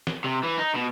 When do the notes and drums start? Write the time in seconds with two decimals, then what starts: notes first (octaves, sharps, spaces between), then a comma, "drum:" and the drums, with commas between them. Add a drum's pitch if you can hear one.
0.07 drum: snare
0.24 C3
0.43 E3
0.58 D#4
0.74 B2